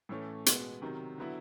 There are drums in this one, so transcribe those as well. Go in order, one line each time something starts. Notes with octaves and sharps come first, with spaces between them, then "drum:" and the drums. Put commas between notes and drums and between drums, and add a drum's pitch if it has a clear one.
A2 E3 A3 C#4
B2 G#3 B3, drum: hi-hat
C3 D#3 F#3
D3 F#3 B3 E4